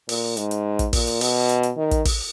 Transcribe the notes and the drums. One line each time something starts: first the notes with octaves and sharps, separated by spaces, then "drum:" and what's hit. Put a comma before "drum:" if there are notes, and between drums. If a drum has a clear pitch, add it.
A#2, drum: open hi-hat
G#2, drum: hi-hat
drum: hi-hat
drum: kick, hi-hat
A#2, drum: kick, open hi-hat
drum: hi-hat
B2, drum: open hi-hat
drum: hi-hat
drum: hi-hat
D#3
drum: kick, hi-hat
drum: kick, open hi-hat